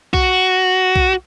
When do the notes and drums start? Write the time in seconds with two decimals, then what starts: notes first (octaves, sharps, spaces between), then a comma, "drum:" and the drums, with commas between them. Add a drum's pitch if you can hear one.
0.13 F#4, drum: kick B1
0.96 drum: kick B1